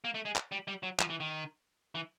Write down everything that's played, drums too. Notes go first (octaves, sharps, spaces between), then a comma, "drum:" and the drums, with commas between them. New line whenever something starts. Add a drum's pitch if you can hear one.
A#3
A3
G#3
drum: clap
G3
G3
F#3
F3, drum: clap
E3
D#3
E3